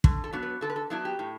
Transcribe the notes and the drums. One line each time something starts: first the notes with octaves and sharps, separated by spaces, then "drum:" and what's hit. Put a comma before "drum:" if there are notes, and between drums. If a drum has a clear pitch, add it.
D3, drum: kick
A4
F#3 B3 D4
B4
D3 A4
B4
A4
F#3 B3 D4 E4
G4
A2